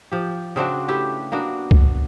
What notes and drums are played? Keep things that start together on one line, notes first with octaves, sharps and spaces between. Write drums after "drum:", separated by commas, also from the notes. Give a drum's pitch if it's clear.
F3 G4
C#3 C4 D4 F#4
A3 E4 G4 B4
A#3 B3 D4 F#4
drum: kick C#2